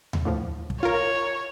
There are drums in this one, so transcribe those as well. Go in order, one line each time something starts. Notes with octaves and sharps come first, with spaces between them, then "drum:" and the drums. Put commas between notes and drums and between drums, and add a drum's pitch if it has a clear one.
drum: tom D#2
D2 A2 F3
drum: kick
F4 A#4 C#5